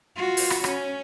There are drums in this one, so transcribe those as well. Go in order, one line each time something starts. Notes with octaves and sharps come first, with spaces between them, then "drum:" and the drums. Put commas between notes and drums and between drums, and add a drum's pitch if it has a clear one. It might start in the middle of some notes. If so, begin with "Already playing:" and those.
F4 F#4
drum: open hi-hat
drum: rim click
C#4, drum: rim click